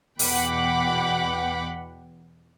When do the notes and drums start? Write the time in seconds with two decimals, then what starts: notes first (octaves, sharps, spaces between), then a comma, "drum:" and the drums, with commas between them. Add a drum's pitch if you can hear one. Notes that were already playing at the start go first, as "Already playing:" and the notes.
0.19 E2 B2 F#5 G5 B5 D6, drum: open hi-hat